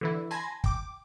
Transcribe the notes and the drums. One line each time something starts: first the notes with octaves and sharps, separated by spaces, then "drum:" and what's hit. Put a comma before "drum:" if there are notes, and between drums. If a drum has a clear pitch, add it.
D3 E3 E4
G#5 A5 B5 C6 G#6 A#6
G5 D6, drum: kick